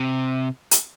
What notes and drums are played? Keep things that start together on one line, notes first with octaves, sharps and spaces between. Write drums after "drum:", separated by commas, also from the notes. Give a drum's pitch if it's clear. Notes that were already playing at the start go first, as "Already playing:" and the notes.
Already playing: C3
drum: hi-hat